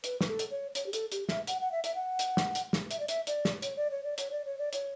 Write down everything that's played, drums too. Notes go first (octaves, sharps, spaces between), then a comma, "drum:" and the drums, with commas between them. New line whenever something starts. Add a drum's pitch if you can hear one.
B4, drum: hi-hat
B4, drum: snare
A4
drum: hi-hat
C#5
C#5, drum: hi-hat
G4
A4, drum: hi-hat
G4, drum: hi-hat
E5, drum: snare
F#5, drum: hi-hat
F#5
E5
E5, drum: hi-hat
F#5
drum: hi-hat
drum: snare
drum: hi-hat
drum: snare
E5, drum: hi-hat
D5
E5, drum: hi-hat
D5, drum: hi-hat
drum: snare
C#5, drum: hi-hat
D5
C#5
D5
C#5, drum: hi-hat
D5
C#5
D5
C#5, drum: hi-hat